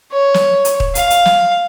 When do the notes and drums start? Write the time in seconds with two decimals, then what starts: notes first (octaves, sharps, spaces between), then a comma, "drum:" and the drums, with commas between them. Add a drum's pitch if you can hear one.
0.12 C#5
0.34 drum: snare
0.65 drum: hi-hat
0.80 drum: kick D#1
0.95 F5, drum: hi-hat
1.10 drum: hi-hat
1.25 drum: snare